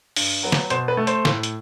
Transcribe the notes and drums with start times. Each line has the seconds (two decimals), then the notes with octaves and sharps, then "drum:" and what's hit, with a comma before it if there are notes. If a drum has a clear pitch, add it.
0.16 G2, drum: open hi-hat
0.43 F#3 B3
0.52 drum: snare
0.70 B2 C5, drum: hi-hat
0.88 B4
0.97 A3
1.07 C5, drum: hi-hat
1.25 A2, drum: snare
1.43 drum: hi-hat